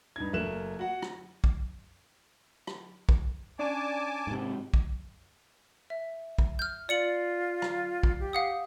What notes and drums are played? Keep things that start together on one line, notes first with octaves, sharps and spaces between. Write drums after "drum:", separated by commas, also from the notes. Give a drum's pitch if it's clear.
G2 D#4 G#6
F#1 A3 A#4 F#6 E7
F#4 F#5
drum: rim click
drum: kick
drum: rim click
drum: kick
C#4 D4 D5 G#5 A5 D6
G#2 C3
drum: kick
E5
drum: kick
F6 G6
F4 D5 C#7 F#7
drum: rim click
drum: kick
G4
F5 F#5 D#6